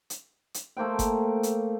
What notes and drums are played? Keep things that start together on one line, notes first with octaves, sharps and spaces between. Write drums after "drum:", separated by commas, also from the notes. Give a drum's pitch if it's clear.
drum: hi-hat
drum: hi-hat
A3 A#3 C5 G5
drum: kick F#1, hi-hat
drum: hi-hat